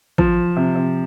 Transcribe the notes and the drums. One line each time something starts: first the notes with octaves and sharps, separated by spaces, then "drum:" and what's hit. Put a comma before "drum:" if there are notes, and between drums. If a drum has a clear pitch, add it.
F3, drum: kick
C3
C3